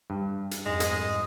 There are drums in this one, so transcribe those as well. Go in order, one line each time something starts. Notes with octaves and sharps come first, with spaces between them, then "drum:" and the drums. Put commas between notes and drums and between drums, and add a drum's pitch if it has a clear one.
G2
drum: hi-hat
F2 G#2 G#3
D#5, drum: hi-hat